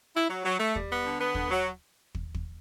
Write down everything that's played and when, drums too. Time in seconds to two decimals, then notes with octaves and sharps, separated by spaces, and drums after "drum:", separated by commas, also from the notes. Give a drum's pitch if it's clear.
0.16 E4
0.30 F#3
0.45 F#3
0.60 A3
0.75 G3, drum: kick
0.90 B3
1.05 D3
1.20 B3
1.35 D3, drum: kick
1.50 F#3
2.15 drum: kick
2.34 drum: kick